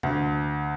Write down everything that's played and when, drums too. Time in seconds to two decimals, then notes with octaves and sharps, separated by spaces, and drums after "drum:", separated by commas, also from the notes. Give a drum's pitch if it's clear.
0.03 D2, drum: tom C3